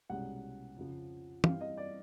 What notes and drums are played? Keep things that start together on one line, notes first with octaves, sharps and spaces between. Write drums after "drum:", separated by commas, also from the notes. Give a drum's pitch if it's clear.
C2 B2 G#3 C#4 F#5
F2 C#3 F3
G2 E3 G3 C4 F5, drum: tom
D#5
D5